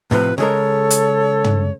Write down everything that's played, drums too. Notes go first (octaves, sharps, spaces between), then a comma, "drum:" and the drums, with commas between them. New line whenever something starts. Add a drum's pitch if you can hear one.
A2 C3 F3 B4
C#3 G#3 A4 A#4 C#5
drum: hi-hat
drum: tom